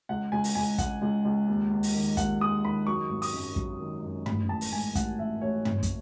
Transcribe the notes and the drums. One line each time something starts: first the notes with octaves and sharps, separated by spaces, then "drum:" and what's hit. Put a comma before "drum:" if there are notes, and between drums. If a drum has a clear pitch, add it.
C#2 F#5
C#2 G#5
drum: open hi-hat
C#2 G#5
C#2 F#5, drum: kick, hi-hat
C#2
C#2
D#2
D#2
drum: open hi-hat
D#3
D#2 F#5, drum: kick, hi-hat
G#3 D#6
D#3 B5
F#3 C#6
G#1
D#6, drum: open hi-hat
F#2
F#3, drum: kick
D#3
F#2
A1 B5, drum: tom
A1 A5
drum: open hi-hat
G#2 G#5
A1 F#5, drum: kick, hi-hat
A1 E5
A1 C#5
F#1, drum: tom
drum: kick, hi-hat